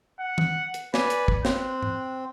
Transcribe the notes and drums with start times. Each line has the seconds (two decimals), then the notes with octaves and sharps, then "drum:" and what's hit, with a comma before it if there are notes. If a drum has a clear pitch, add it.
0.20 F#5
0.38 drum: tom D#3
0.74 drum: hi-hat
0.94 B4 D5 G#5, drum: snare
1.10 drum: hi-hat
1.28 drum: kick
1.45 C4 F#6, drum: snare
1.83 drum: tom G#2